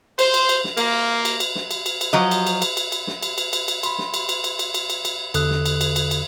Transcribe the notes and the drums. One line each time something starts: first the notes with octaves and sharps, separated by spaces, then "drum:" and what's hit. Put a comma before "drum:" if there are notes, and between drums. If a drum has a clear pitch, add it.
C5, drum: cymbal
drum: cymbal
drum: cymbal
drum: snare
A#3, drum: cymbal
drum: cymbal
drum: cymbal
drum: snare
drum: cymbal
drum: cymbal
drum: cymbal
F3 F#3 D#5
drum: cymbal
drum: cymbal
drum: cymbal
drum: cymbal
drum: cymbal
drum: snare
drum: cymbal
drum: cymbal
drum: cymbal
drum: cymbal
B5 C6, drum: cymbal
drum: snare
drum: cymbal
drum: cymbal
drum: cymbal
drum: cymbal
drum: cymbal
drum: cymbal
drum: cymbal
E2 D3 A4 D#6 F#6, drum: cymbal
drum: snare
drum: cymbal
drum: cymbal
drum: cymbal
drum: cymbal